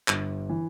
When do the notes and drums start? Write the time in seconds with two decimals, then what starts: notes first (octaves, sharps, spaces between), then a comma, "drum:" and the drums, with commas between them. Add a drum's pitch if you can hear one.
0.08 G1, drum: clap
0.49 E3